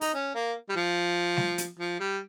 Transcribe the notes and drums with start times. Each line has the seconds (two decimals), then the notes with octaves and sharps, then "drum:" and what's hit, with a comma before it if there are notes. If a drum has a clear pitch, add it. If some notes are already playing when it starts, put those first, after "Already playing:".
0.01 D#4, drum: open hi-hat
0.14 C#4
0.35 A#3
0.69 G3
0.76 F3
1.37 drum: snare G3
1.58 drum: hi-hat
1.79 F3
2.00 G3